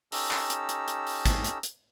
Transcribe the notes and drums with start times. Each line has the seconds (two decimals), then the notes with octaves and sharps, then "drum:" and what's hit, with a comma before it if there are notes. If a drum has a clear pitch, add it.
0.12 C#4 D#4 G4 A4 A#5 E6, drum: open hi-hat
0.31 drum: clap
0.50 drum: hi-hat
0.69 drum: hi-hat
0.88 drum: hi-hat
1.07 drum: open hi-hat
1.26 drum: kick, hi-hat
1.44 drum: hi-hat
1.63 drum: hi-hat